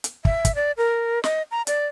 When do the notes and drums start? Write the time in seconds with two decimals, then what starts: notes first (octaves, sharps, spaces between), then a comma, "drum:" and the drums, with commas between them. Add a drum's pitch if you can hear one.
0.04 drum: hi-hat
0.25 E5, drum: kick
0.45 drum: kick, hi-hat
0.55 D5
0.77 A#4
1.24 D#5, drum: snare
1.51 A#5
1.67 D5, drum: hi-hat